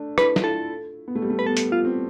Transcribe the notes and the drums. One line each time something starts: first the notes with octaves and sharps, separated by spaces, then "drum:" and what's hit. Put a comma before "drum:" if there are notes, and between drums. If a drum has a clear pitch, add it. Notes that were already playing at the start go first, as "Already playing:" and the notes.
Already playing: A3 D4
E4 B4, drum: rim click
F4, drum: snare
E4 A4
B3
A3
G3
A3
B4
B3 A4
drum: hi-hat
F4
C4